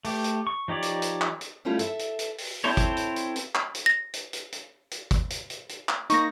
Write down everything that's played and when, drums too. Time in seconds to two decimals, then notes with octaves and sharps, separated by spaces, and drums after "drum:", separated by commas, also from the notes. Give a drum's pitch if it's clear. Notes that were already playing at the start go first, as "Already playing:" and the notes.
0.05 A3 G4, drum: open hi-hat
0.24 drum: hi-hat
0.47 C#6
0.68 F3 D#4 G4 C#5 D5
0.82 drum: hi-hat
1.02 drum: hi-hat
1.21 drum: clap
1.41 drum: hi-hat
1.65 G3 A3 C#4 E4 F4 G4
1.79 A4 E5, drum: hi-hat
1.99 drum: hi-hat
2.19 drum: hi-hat
2.38 drum: open hi-hat
2.64 C4 E4 A4 C5 C#5
2.77 drum: kick, hi-hat
2.97 drum: hi-hat
3.16 drum: hi-hat
3.36 drum: hi-hat
3.55 drum: clap
3.75 drum: hi-hat
3.86 A#6
4.14 drum: hi-hat
4.33 drum: hi-hat
4.52 drum: hi-hat
4.91 drum: hi-hat
5.11 drum: kick, hi-hat
5.30 drum: hi-hat
5.50 drum: hi-hat
5.69 drum: hi-hat
5.89 drum: clap
6.10 A#3 D#4 C#6 A#6, drum: hi-hat